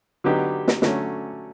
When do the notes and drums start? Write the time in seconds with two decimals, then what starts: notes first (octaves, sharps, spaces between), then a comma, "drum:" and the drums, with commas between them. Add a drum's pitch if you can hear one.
0.24 D3 F#3 B3 D#4 G4
0.68 drum: snare
0.82 D3 F#3 A3 C#4, drum: snare